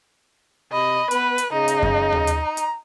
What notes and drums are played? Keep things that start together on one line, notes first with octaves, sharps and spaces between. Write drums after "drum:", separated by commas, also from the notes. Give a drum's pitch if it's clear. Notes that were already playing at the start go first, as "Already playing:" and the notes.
C3 D#5 B5
B3 B4, drum: hi-hat
drum: hi-hat
C#3 D#4 D#5
drum: hi-hat
drum: kick F#2
drum: tom D#2
drum: hi-hat
A#5
drum: hi-hat